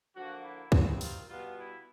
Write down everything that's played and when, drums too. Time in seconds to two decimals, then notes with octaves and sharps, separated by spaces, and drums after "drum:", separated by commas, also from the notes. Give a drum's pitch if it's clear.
0.16 D3 F3 A#3 F#4
0.44 E4
0.72 D#3 G3 C4, drum: kick
1.01 F4, drum: open hi-hat
1.29 B2 G3 B3 F4
1.57 E4